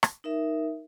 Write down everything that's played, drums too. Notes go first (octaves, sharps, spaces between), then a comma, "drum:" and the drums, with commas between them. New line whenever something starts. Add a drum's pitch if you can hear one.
drum: rim click
D#4 A#4 E5